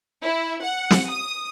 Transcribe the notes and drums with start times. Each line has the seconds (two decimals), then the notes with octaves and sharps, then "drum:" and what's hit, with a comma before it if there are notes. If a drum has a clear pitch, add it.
0.23 E4
0.62 F#5
0.91 drum: snare
1.09 D#6